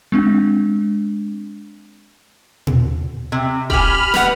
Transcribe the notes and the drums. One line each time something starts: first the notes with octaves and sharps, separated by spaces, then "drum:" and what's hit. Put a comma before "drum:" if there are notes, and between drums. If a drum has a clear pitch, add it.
G#3 C4 D4
drum: tom
C3
G4 G#5 B5 F6, drum: kick D#1
B4 F#5, drum: snare